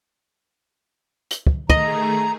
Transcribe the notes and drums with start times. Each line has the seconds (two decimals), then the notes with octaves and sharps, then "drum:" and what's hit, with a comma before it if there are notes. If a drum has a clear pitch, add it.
1.31 drum: hi-hat
1.47 drum: kick
1.70 D#3 A3 G#4 D#5 A#5, drum: kick